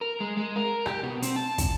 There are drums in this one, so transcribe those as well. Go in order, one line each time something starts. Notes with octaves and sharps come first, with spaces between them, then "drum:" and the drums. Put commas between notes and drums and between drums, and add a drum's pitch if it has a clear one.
A#4
G#3
G#3
A#4
G4, drum: rim click
B2
C4, drum: hi-hat
A5
drum: kick, hi-hat